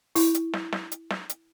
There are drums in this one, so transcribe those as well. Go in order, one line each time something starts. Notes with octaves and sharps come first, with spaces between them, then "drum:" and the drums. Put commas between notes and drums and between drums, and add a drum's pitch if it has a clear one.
E4, drum: open hi-hat
drum: hi-hat
drum: snare
drum: snare
drum: hi-hat
drum: snare
drum: hi-hat